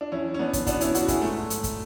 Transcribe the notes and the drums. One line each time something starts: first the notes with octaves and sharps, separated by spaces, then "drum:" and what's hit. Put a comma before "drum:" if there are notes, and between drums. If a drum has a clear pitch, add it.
D4
E2 C#4 E4
C#4
E2 B3 D4
drum: kick, hi-hat
B2 B3 D4, drum: kick, hi-hat
C#4 E4, drum: hi-hat
B2 D4 F#4, drum: hi-hat
E4 G#4, drum: kick, hi-hat
G#2 A3
G#2, drum: hi-hat
drum: kick, hi-hat